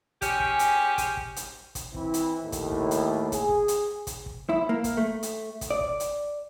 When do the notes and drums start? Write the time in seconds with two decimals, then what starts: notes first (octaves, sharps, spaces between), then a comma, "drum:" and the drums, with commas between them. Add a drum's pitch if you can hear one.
0.22 G#3 C#4 G4, drum: kick, hi-hat
0.40 drum: kick
0.59 drum: hi-hat
0.98 drum: kick, hi-hat
1.17 drum: kick
1.36 drum: hi-hat
1.75 drum: kick, hi-hat
1.94 E3 C4 E4, drum: kick
2.14 drum: hi-hat
2.43 D#2 A2
2.52 drum: kick, hi-hat
2.72 drum: kick
2.91 drum: hi-hat
3.32 G#4, drum: kick, hi-hat
3.49 drum: kick
3.68 drum: hi-hat
4.07 drum: kick, hi-hat
4.26 drum: kick
4.49 E4
4.69 A#3
4.84 drum: kick, hi-hat
4.97 A3
5.23 drum: hi-hat
5.61 drum: kick, hi-hat
5.71 D5
5.81 drum: kick
6.00 drum: hi-hat